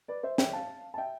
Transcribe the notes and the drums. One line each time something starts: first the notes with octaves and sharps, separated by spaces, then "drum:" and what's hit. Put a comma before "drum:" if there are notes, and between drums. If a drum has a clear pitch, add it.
B4 D5
C5 E5
E5 G5, drum: snare
F5 A5
A5
E5 G5